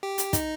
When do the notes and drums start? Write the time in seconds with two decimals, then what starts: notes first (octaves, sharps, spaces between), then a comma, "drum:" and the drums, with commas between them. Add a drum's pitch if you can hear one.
0.03 G4
0.18 drum: hi-hat
0.33 D#4, drum: kick, hi-hat